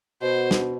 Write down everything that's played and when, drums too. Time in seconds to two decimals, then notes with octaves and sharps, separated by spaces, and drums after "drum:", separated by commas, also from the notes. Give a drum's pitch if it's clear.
0.22 B2 C5
0.51 drum: snare